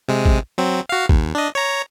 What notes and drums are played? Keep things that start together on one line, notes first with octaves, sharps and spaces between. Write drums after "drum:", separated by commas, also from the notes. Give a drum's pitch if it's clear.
C3 G#3
drum: kick
F#3 C4
F#4 F5
D#2, drum: kick
D4 D#5
C#5 A#5